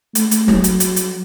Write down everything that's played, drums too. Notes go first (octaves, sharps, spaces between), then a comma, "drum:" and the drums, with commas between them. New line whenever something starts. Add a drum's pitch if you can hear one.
A3, drum: hi-hat
drum: hi-hat
F#3, drum: snare
drum: hi-hat
drum: hi-hat
drum: hi-hat